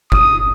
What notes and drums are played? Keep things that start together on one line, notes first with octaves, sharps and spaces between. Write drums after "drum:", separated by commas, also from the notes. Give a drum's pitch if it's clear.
D#6, drum: kick